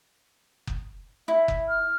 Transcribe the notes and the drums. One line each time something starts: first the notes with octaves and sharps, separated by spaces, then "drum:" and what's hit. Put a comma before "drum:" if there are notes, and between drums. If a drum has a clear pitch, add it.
drum: kick F#1
E4 E5
drum: kick F#1
F6